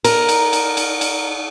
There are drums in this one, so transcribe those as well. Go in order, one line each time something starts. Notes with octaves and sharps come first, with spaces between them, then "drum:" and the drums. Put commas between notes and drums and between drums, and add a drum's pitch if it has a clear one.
A#4, drum: cymbal
drum: cymbal
drum: cymbal
drum: cymbal
drum: cymbal